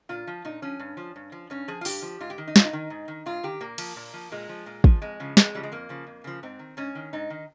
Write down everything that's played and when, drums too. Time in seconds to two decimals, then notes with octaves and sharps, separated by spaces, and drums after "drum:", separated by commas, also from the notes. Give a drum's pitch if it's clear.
0.09 A#2 F4
0.27 F3
0.45 A#2 D#4
0.62 F3 C#4
0.79 G2
0.97 F3
1.16 G2
1.32 F3
1.50 G2 C#4
1.68 F3 G#4
1.81 F4
1.85 G2 G4, drum: open hi-hat
2.02 F3
2.20 G#2 F4
2.30 G4
2.38 D#3
2.48 D#4
2.56 G#2 F4, drum: snare
2.65 D#4
2.73 D#3
2.90 G#2
3.08 D#3
3.26 G#2 F4
3.43 D#3 G4
3.60 A#2 A#3
3.78 F3, drum: cymbal
3.96 A#2
4.13 F3
4.32 A#2 G#3
4.49 F3
4.66 A#2
4.84 F3, drum: kick
5.02 F2 G#3
5.20 C#3 F3
5.37 F2 G#3, drum: snare
5.54 C#3 F3 G3
5.63 G#3
5.72 F2 A#3
5.89 C#3 F3
6.07 F2
6.24 C#3 F3
6.43 G#2 C4
6.59 D#3
6.77 G#2 C#4
6.95 D#3
7.13 G#2 D#4
7.30 D#3